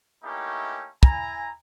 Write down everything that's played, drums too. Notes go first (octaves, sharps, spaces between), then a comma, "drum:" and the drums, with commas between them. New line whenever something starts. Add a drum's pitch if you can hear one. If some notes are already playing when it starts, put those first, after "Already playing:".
A3 A#3 C#4 D#4 E4 G4
E4 G#5 A#5, drum: kick